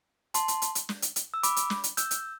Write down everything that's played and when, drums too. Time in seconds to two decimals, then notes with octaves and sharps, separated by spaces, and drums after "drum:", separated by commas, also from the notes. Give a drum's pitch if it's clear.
0.34 A5 C6, drum: hi-hat
0.48 drum: hi-hat
0.62 drum: hi-hat
0.75 drum: hi-hat
0.89 drum: snare
1.02 drum: hi-hat
1.16 drum: hi-hat
1.34 E6
1.43 B5 D6, drum: hi-hat
1.56 drum: hi-hat
1.70 drum: snare
1.84 drum: hi-hat
1.97 E6 G6, drum: hi-hat
2.11 drum: hi-hat